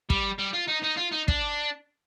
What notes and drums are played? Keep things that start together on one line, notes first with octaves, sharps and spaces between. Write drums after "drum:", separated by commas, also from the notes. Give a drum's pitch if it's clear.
G3, drum: kick
G3
F4
D#4
D#4
F4
D#4
D4, drum: kick